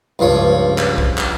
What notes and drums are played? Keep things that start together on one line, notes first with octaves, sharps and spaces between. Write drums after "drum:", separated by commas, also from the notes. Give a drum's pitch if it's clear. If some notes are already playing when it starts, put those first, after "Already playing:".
C#2 G2 F3 C#5
drum: clap
drum: kick B1
drum: clap